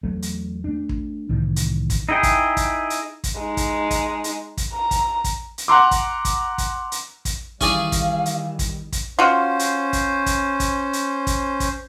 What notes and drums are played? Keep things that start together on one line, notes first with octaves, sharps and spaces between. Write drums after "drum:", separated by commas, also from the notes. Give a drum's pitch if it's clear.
E2 F#3 A3
drum: hi-hat
A3 D4
drum: kick
C2 A2 D#3 E3
drum: hi-hat
drum: kick, hi-hat
D#4 E4 G#4 G5
drum: kick, hi-hat
drum: kick, hi-hat
drum: hi-hat
drum: kick, hi-hat
G#3 D#4
drum: kick, hi-hat
drum: kick, hi-hat
drum: hi-hat
drum: kick, hi-hat
A#5
drum: kick, hi-hat
drum: kick, hi-hat
drum: hi-hat
F#5 A#5 C6 D6
drum: kick, hi-hat
drum: kick, hi-hat
drum: kick, hi-hat
drum: hi-hat
drum: kick, hi-hat
D#3 E3 G3 C#4 G#4 D5 F5, drum: kick, hi-hat
drum: kick, hi-hat
drum: hi-hat
drum: kick, hi-hat
drum: kick, hi-hat
C#4 F4 F#4 C5
drum: hi-hat
drum: kick, hi-hat
drum: kick, hi-hat
drum: kick, hi-hat
drum: hi-hat
drum: kick, hi-hat
drum: kick, hi-hat